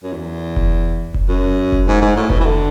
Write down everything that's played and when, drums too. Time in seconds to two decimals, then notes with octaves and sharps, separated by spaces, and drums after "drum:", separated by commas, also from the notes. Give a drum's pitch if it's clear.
0.03 F#2
0.13 E2
0.56 drum: kick F1
1.14 drum: kick F1
1.28 F#2
1.72 drum: kick F1
1.87 G#2
2.02 G#2
2.16 A2
2.30 B2, drum: kick F1
2.40 E3
2.45 D3